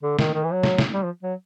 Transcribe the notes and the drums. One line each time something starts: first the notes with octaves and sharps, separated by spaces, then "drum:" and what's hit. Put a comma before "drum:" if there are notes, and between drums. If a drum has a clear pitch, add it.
D3
D#3, drum: snare
D#3
E3
F#3
drum: snare
drum: snare
G3
F3
F#3